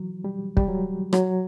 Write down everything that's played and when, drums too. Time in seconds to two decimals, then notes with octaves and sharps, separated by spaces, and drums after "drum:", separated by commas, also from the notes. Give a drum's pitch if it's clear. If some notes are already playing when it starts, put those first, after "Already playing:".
Already playing: E3 F#3
0.24 G3
0.57 G3, drum: kick
0.69 F#3
1.13 F#3, drum: rim click